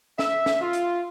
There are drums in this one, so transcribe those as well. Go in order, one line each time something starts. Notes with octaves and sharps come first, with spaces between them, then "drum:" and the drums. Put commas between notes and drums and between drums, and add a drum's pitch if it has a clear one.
E5, drum: snare
drum: snare
F4
drum: hi-hat